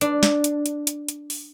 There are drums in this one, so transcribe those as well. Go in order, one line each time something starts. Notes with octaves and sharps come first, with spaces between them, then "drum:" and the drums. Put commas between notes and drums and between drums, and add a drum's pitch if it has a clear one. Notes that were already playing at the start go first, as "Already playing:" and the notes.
D4, drum: hi-hat
drum: snare
drum: hi-hat
drum: hi-hat
drum: hi-hat
drum: hi-hat
drum: open hi-hat